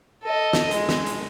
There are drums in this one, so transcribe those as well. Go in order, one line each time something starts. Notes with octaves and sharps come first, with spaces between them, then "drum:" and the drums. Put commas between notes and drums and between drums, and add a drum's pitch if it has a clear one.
A4 D#5
drum: snare
G#3, drum: hi-hat
drum: snare
drum: hi-hat